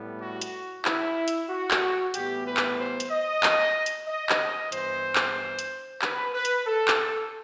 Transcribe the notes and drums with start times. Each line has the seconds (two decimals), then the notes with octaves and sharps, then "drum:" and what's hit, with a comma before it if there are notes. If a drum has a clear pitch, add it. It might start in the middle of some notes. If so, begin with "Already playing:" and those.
Already playing: A2 G3 B3
0.20 F#4
0.41 drum: hi-hat
0.85 E4, drum: clap
1.28 drum: hi-hat
1.49 F#4
1.71 drum: clap
2.14 A2 E3 G3 B3 G4, drum: hi-hat
2.46 B4
2.57 drum: clap
2.79 C5
3.00 drum: hi-hat
3.11 D#5
3.43 drum: clap
3.86 drum: hi-hat
4.08 D#5
4.29 drum: clap
4.72 G2 E3 B3 C5, drum: hi-hat
5.16 drum: clap
5.59 drum: hi-hat
6.02 B4, drum: clap
6.34 B4
6.45 drum: hi-hat
6.67 A4
6.88 drum: clap